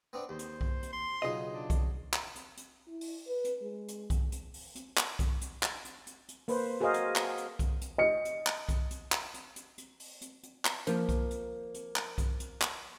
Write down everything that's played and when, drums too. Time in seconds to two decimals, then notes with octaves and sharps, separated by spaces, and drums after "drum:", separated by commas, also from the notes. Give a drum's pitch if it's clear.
0.13 B3 C4 D4
0.29 D#2 C5
0.39 drum: hi-hat
0.61 drum: kick B1
0.83 drum: hi-hat
0.93 C6
1.22 B1 C#3 D#4 F4 D#5
1.53 D4
1.70 drum: kick B1, hi-hat
2.14 drum: clap
2.35 drum: hi-hat
2.57 drum: hi-hat
2.87 E4
3.01 drum: open hi-hat
3.27 B4
3.45 drum: hi-hat
3.61 G#3
3.88 drum: hi-hat
4.10 drum: kick B1, hi-hat
4.32 drum: hi-hat
4.54 drum: open hi-hat
4.76 drum: hi-hat
4.97 drum: clap
5.19 drum: kick B1, hi-hat
5.41 drum: hi-hat
5.63 drum: clap
5.85 drum: hi-hat
6.07 drum: hi-hat
6.28 drum: hi-hat
6.48 A#3 B4 C5, drum: open hi-hat
6.81 F#4 G#4 A#4 C5 D#5 F5
6.94 drum: hi-hat
7.16 drum: clap
7.38 drum: hi-hat
7.59 drum: kick B1, hi-hat
7.81 drum: hi-hat
7.98 D#5 C#7
8.25 drum: hi-hat
8.47 drum: clap
8.69 drum: kick B1, hi-hat
8.90 drum: hi-hat
9.12 drum: clap
9.34 drum: hi-hat
9.56 drum: hi-hat
9.78 drum: hi-hat
10.00 drum: open hi-hat
10.21 drum: hi-hat
10.43 drum: hi-hat
10.65 drum: clap
10.87 F3 A#3, drum: hi-hat
11.09 drum: kick B1, hi-hat
11.31 drum: hi-hat
11.74 drum: hi-hat
11.96 drum: clap
12.18 drum: kick B1, hi-hat
12.40 drum: hi-hat
12.62 drum: clap